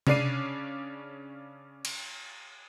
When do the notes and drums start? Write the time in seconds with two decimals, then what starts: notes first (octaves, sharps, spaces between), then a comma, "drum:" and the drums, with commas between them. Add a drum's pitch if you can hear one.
0.07 C#3 C#4 D4 D5 C7 D#7, drum: tom C3
1.85 drum: cymbal